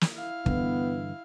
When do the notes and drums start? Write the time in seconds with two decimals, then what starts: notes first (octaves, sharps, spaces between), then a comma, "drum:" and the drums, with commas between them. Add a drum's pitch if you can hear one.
0.01 drum: snare
0.13 E4 F5
0.46 G2 D3 E3 B3, drum: kick